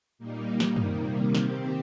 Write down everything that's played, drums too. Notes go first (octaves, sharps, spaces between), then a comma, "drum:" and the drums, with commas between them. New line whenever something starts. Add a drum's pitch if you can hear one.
A#2 G3 A#3 D#4
drum: snare
C3 D#3 G3 A#3, drum: tom F#2
D#3 C4 G4, drum: snare